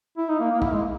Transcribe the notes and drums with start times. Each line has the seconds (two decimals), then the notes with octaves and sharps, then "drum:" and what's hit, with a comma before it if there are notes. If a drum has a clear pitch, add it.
0.18 E4
0.29 D#4
0.40 A#3
0.51 A#3
0.62 E4, drum: kick
0.72 G#3